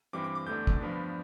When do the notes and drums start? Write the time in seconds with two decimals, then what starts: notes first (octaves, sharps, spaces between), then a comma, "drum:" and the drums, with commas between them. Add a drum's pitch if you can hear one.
0.13 G2 E3 G3 C4 D6
0.24 D6
0.35 D6
0.46 E2 D3 A3 D4 G6
0.67 drum: kick
0.79 G2 F3 B3 D4